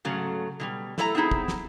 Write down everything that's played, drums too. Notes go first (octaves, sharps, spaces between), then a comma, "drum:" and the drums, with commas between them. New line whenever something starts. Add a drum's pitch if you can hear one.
G#2 C#3 F#3 A3
B2 E3 G3
A3 E4 A4 D5 A#5, drum: snare
B3 C4 D#4 E4 G#4
drum: kick
drum: snare